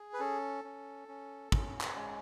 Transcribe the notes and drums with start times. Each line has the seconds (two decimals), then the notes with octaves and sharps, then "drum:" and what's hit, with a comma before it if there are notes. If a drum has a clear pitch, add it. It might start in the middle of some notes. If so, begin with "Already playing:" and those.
Already playing: G#4
0.13 B4
0.20 C#4 A4
0.64 C#4
1.08 C#4
1.52 C#4, drum: kick
1.81 drum: clap
1.95 G#3